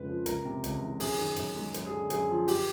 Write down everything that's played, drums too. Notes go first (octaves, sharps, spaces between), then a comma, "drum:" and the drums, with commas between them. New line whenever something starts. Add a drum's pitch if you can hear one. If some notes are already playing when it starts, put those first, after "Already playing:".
Already playing: F2 C#3 G#3 B4
F3
C#2 A#4, drum: hi-hat
C3
C#2, drum: hi-hat
E3
F#2 G#4, drum: open hi-hat
D#3
F#2, drum: hi-hat
G#3
F#2, drum: hi-hat
G#4
D3
F#2 G#4, drum: hi-hat
F3
G4, drum: open hi-hat